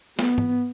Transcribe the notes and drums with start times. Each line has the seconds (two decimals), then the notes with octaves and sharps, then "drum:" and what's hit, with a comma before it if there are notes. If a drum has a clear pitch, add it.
0.19 B3, drum: snare
0.38 drum: tom G#2